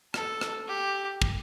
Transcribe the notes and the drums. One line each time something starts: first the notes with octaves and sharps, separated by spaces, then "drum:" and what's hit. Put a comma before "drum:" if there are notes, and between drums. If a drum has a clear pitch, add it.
A4, drum: rim click
drum: rim click
G4
drum: kick